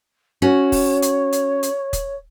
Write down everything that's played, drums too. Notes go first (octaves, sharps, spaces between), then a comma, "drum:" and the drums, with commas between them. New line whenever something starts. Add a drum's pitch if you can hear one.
C#4 F#4 C#5
drum: kick, open hi-hat
drum: hi-hat
drum: hi-hat
drum: hi-hat
drum: kick, hi-hat